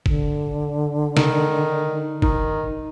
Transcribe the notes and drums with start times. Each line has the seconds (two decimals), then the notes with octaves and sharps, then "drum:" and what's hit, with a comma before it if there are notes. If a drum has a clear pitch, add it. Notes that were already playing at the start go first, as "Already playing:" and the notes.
0.06 D3, drum: kick F#1
1.17 D#3, drum: snare
2.22 D#3, drum: kick F#1